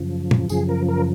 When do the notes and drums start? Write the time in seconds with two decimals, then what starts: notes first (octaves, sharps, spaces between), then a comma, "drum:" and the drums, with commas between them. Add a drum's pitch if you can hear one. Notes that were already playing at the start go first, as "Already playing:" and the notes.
Already playing: F#2 C#3 F3
0.31 drum: tom
0.49 F#2 C#3 F3 G#4, drum: tambourine
0.69 A#4
0.88 A#4